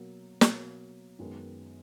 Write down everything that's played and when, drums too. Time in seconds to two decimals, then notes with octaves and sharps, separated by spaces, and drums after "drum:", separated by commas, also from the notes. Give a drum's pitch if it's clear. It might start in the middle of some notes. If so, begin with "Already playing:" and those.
Already playing: B2 F#3 A#3
0.41 B2 F#3 A#3, drum: snare
1.19 F#2 D#3 G#3 B3